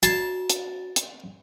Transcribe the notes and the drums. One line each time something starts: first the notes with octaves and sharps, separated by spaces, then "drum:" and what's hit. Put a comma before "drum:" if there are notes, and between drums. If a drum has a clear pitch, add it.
F#4 A5, drum: hi-hat
drum: hi-hat
drum: hi-hat